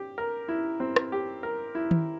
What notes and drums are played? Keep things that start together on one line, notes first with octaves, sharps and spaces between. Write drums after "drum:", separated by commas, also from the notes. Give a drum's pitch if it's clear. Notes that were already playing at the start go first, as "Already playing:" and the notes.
Already playing: G4
A#4
E4
C4
drum: rim click
G4
A#4
E4
drum: tom D#3